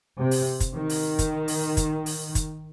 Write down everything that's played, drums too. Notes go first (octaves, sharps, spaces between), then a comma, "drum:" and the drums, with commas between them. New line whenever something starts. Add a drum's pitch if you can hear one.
C3
drum: open hi-hat
drum: kick, hi-hat
D#3
drum: open hi-hat
drum: kick, hi-hat
drum: open hi-hat
drum: kick, hi-hat
drum: open hi-hat
drum: kick, hi-hat